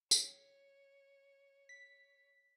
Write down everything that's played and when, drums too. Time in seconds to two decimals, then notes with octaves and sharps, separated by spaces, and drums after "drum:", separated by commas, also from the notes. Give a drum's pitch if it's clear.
0.11 C#5, drum: tambourine
1.69 B6